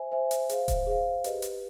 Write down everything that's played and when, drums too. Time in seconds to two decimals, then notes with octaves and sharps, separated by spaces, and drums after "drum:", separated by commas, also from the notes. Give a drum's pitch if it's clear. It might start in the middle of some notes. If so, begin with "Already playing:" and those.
Already playing: C5 E5 G#5
0.12 C5 E5 G#5
0.31 drum: hi-hat
0.49 G#4 C5 F5, drum: hi-hat
0.68 drum: kick D#1, hi-hat
0.87 G#4 C5 F5
1.24 G4 B4 D#5, drum: hi-hat
1.42 drum: hi-hat